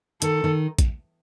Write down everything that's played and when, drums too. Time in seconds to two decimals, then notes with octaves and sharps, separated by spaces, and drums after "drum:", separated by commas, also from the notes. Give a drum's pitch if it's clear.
0.22 D#3 A4, drum: hi-hat
0.44 D#3
0.79 drum: kick A#1, hi-hat